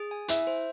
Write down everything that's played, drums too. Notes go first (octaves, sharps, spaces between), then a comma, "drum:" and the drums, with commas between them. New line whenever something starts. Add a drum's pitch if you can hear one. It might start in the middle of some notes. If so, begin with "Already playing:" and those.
Already playing: G#4
G#5
E4 E5, drum: hi-hat
C5